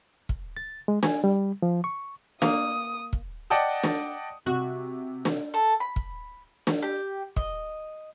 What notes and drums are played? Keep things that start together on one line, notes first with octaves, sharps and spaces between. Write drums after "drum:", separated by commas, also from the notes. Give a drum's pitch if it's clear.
drum: kick
A6
G#3
G#5, drum: snare
G3
F3
C#6
A#3 D#6, drum: snare
drum: kick
D5 D#5 F#5 G5 A5 D#6
drum: snare
C3 F#4
drum: snare
A4
B5
drum: kick
drum: snare
G4
D#5, drum: kick